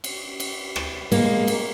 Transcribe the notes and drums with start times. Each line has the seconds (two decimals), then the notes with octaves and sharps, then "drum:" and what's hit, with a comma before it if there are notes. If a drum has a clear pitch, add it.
0.04 drum: cymbal
0.40 drum: cymbal
0.76 drum: rim click
1.12 G#3 A#3, drum: cymbal
1.48 drum: cymbal